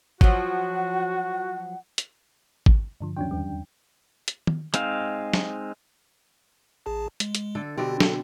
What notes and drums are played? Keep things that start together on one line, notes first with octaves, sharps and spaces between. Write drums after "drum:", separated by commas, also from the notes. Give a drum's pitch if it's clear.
F3 F#3 F#4 F#5, drum: kick G#1
drum: hi-hat
drum: kick G#1
G2 D3 F3
D#2 F3 F#3 C#4 D4 G5
E2 G3
drum: hi-hat
drum: tom
G#3 C4 D#4 F5, drum: hi-hat
drum: snare
A1 G#4 A5
G#3, drum: hi-hat
drum: hi-hat
D3 A4
B2 D3 C4 D4 G4
A4, drum: snare